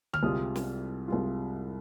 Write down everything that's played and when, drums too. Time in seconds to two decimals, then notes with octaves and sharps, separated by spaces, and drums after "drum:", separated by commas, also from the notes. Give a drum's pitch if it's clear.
0.13 F6, drum: tom D3
0.23 C2 C3 G#3 F4 D#6
0.56 drum: snare
1.08 C2 C3 G#3 F4